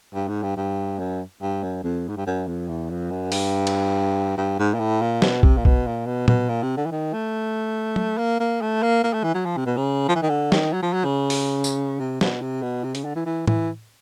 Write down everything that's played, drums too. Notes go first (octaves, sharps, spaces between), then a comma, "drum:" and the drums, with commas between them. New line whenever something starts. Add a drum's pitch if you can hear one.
G2
G#2
G2
G2
F#2
G2
F#2
F2
G#2
G2
F#2
F2
E2
F2
F#2
G2, drum: open hi-hat
drum: cymbal
G2
G#2
A#2
A2
A#2
B2, drum: snare
C3, drum: kick
A#2
B2, drum: kick
A#2
B2
B2, drum: tom A#2
A#2
C3
D3
E3
D#3
A3
drum: tom
A#3
A#3
A3
A#3
A#3
A3
E3
F#3
F3
C3
B2
C#3
F3
E3
D#3
D3
D#3, drum: snare
F#3
F3
F#3
C#3
drum: open hi-hat
drum: tambourine
C3
B2, drum: snare
C3
B2
C3
C#3, drum: hi-hat
D3
E3
E3
E3, drum: tom A2